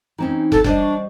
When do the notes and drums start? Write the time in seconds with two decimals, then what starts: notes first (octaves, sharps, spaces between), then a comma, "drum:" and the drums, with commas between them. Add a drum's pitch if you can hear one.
0.18 E3 C4 C#4 D#4
0.52 A4, drum: kick
0.64 G3 D4 C5 D#5, drum: kick
0.78 C#6